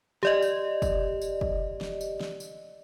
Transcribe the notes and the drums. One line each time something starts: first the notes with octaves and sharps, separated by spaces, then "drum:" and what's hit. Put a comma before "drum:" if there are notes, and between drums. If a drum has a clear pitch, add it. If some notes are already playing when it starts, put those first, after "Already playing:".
G4 D5 D#5, drum: snare
drum: tambourine
drum: kick, tambourine
drum: tambourine
drum: kick
drum: snare
drum: tambourine
drum: snare
drum: tambourine